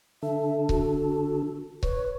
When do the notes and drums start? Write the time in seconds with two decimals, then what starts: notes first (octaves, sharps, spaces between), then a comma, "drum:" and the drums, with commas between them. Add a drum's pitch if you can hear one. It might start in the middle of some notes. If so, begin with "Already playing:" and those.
0.23 D3 A4 E5
0.69 F#4, drum: kick C#1
1.83 B4 C#5, drum: kick C#1